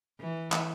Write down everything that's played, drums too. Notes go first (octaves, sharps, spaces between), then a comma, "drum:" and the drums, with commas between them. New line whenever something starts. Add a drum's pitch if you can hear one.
E3
drum: clap